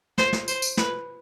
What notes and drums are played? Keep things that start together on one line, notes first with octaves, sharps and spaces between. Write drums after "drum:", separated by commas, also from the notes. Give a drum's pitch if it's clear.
C5, drum: snare
drum: snare
C5, drum: tambourine
drum: tambourine
B4, drum: snare